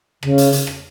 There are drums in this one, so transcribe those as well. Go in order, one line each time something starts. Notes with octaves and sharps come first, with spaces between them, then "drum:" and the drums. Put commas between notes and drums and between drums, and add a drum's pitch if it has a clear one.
C#3, drum: rim click
drum: hi-hat
drum: hi-hat
drum: rim click